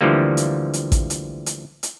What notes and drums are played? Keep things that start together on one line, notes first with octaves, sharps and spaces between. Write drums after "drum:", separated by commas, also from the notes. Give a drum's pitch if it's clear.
D2 D3 E3 F3 G3 A#3
drum: hi-hat
drum: hi-hat
drum: kick A1, hi-hat
drum: hi-hat
drum: hi-hat
drum: hi-hat